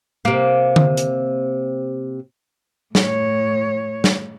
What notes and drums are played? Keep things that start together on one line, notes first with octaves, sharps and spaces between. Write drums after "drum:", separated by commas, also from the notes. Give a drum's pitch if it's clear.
C3 A#3
drum: tom D3
drum: hi-hat
A2 C#5, drum: snare
drum: snare